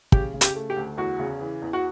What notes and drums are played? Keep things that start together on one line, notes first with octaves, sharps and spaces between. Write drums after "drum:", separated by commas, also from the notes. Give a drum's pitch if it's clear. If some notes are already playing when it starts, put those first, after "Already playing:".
C#3 G4, drum: kick
C#3
G4, drum: hi-hat
A3
G4
D2
E2 F#4
C#3
E3
E2
F#4